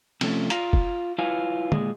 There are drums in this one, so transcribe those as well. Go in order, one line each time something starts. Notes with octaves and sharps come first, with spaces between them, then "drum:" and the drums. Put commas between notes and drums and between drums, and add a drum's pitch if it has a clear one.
C3 F3 A3 C#4, drum: cymbal
F4 F5 A#5, drum: hi-hat
drum: kick
E4 F4 B4 C#5 F5 G#5
A#2 G#3, drum: tom